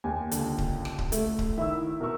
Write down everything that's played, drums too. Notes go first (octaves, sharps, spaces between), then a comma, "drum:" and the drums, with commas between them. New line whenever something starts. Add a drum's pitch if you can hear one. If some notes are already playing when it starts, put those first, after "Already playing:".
D#2 G#5
C#2 D3, drum: hi-hat
drum: kick D1
drum: rim click
drum: kick D1
A3, drum: hi-hat
drum: kick D1
D#3 E4 E5 E6
B2 A#4 C#6 E6